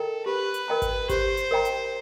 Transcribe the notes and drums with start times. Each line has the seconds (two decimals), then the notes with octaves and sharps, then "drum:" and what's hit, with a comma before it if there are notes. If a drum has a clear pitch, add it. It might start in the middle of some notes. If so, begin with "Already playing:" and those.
Already playing: A4 A#4 D#5 G5 A#5
0.26 G4 B4
0.54 drum: hi-hat
0.68 A#4 D#5 G5 A#5
0.82 drum: kick G#1, hi-hat
1.09 G4 C5, drum: kick G#1, hi-hat
1.37 drum: hi-hat
1.51 A#4 D#5 G5 A#5
1.65 drum: hi-hat